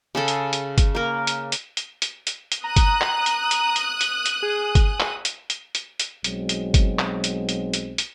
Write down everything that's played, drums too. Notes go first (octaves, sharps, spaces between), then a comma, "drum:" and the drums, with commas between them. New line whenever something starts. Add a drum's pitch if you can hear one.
C#3 G#4 A4
drum: hi-hat
drum: hi-hat
drum: kick G1, hi-hat
A#3 A#4
drum: hi-hat
drum: hi-hat
drum: hi-hat
drum: hi-hat
drum: hi-hat
drum: hi-hat
A#5 D#6 F#6
drum: kick G1, hi-hat
drum: clap
drum: hi-hat
drum: hi-hat
drum: hi-hat
drum: hi-hat
drum: hi-hat
G#4
drum: kick G1, hi-hat
drum: clap
drum: hi-hat
drum: hi-hat
drum: hi-hat
drum: hi-hat
B1 F#3 G#3 C4, drum: hi-hat
drum: hi-hat
drum: kick G1, hi-hat
drum: clap
drum: hi-hat
drum: hi-hat
drum: hi-hat
drum: hi-hat